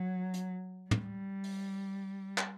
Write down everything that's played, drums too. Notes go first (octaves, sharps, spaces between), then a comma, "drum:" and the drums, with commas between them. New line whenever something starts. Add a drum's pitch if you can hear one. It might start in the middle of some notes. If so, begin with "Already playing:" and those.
Already playing: F#3
drum: hi-hat
G3, drum: tom
drum: open hi-hat
drum: clap